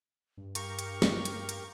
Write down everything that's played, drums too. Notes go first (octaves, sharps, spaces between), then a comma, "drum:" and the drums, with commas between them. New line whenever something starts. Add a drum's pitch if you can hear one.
G2
G4 A#4 F5 C#6, drum: hi-hat
drum: hi-hat
drum: snare
drum: hi-hat
drum: hi-hat